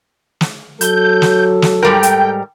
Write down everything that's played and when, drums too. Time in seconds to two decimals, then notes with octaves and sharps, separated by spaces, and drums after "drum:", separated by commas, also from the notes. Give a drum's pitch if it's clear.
0.41 drum: snare
0.81 F#3 A4 G6, drum: hi-hat
1.22 drum: snare
1.62 drum: snare
1.83 G#2 G3 A#4 G5
2.03 drum: hi-hat